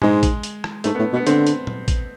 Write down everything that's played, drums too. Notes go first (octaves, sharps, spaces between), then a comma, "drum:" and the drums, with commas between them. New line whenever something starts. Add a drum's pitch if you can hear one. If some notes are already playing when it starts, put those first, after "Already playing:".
G#2 G#3, drum: tom A#2
drum: kick, hi-hat
drum: hi-hat
drum: rim click
G#2 A3, drum: hi-hat
B3
A2
B2
B3
D3 C4, drum: hi-hat
drum: hi-hat
drum: tom A#2
drum: kick, hi-hat